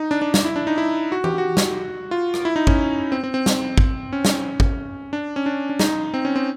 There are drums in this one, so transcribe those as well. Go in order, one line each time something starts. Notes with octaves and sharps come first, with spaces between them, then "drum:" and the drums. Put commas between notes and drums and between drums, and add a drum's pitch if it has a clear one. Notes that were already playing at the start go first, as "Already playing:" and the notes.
Already playing: D#4
D4
D4
D4, drum: snare
E4
D4
D#4
E4
F#4
G4, drum: tom
F#4
drum: snare
F4
drum: rim click
E4
D#4
C#4, drum: kick
C4
C4
C4
drum: snare
drum: kick
C#4
drum: snare
drum: kick
D4
C#4
D4
D4
D#4, drum: snare
C4
C#4
C4